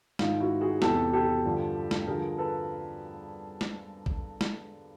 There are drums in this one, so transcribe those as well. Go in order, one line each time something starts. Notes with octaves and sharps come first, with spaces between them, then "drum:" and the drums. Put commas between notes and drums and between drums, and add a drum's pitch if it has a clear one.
G#2 D#3 D#4 F4, drum: snare
E4 F#4
F#4 G#4
E2 C3 E3 G4 A4, drum: snare
G4 A4
G2 D3 F3
drum: snare
G2 D3 F3 G#4 A#4
A4 B4
drum: snare
drum: kick A#1
drum: snare